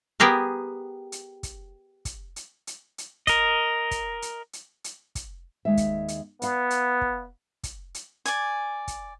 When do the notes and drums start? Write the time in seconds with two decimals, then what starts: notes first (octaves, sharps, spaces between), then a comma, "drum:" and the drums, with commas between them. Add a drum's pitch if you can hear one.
0.20 B3 G4 G#4 A#4
1.12 drum: hi-hat
1.43 drum: kick, hi-hat
2.05 drum: kick, hi-hat
2.36 drum: hi-hat
2.67 drum: hi-hat
2.98 drum: hi-hat
3.27 A#4 D#5, drum: kick, hi-hat
3.91 drum: kick, hi-hat
4.22 drum: hi-hat
4.53 drum: hi-hat
4.84 drum: hi-hat
5.15 drum: kick, hi-hat
5.65 D#2 G#3 E5
5.77 drum: kick, hi-hat
6.08 drum: hi-hat
6.42 B3 D5 F5, drum: hi-hat
6.70 drum: hi-hat
7.01 drum: kick
7.63 drum: kick, hi-hat
7.95 drum: hi-hat
8.26 D5 G#5, drum: hi-hat
8.88 drum: kick, hi-hat